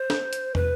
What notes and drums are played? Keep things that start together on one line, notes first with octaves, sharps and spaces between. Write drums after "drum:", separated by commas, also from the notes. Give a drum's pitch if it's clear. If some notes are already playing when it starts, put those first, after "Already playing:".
Already playing: C5
drum: snare
drum: hi-hat
B4, drum: tom